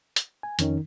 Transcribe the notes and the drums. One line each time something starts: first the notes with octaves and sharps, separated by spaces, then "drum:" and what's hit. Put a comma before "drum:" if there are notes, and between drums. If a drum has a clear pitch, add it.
drum: hi-hat
G#5
F2 D#3 C#4, drum: hi-hat